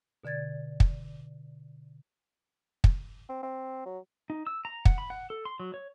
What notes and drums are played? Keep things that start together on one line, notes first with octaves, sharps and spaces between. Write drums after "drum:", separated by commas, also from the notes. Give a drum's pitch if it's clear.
B2 D3 D5 G#6 A6
drum: kick
drum: kick
C4
C4
F#3
D#4
E6
A#5
F#5, drum: kick
B5
F#5
A4
C6
F#3
C#5